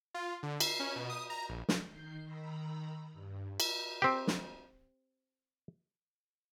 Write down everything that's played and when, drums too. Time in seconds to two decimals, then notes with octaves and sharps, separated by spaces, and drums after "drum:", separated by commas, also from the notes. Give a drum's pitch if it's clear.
0.14 F4
0.43 D3
0.60 C7, drum: cymbal
0.80 C#4
0.96 B2
1.10 D#6
1.30 A#5
1.49 A#1
1.69 drum: snare
1.89 D#3 G6 C7
2.24 D#3 A#5 B5 E6
3.13 G2
3.60 drum: cymbal
4.02 C4 G4
4.27 drum: snare